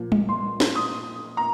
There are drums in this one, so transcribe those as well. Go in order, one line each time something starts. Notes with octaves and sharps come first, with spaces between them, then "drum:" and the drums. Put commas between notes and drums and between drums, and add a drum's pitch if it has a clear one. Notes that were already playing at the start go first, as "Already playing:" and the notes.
Already playing: A#2 F3
drum: tom G3
C6
drum: snare
D#6
A#5